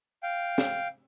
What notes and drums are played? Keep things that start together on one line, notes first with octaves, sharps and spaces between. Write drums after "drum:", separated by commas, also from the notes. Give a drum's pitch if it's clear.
F5 G5
drum: snare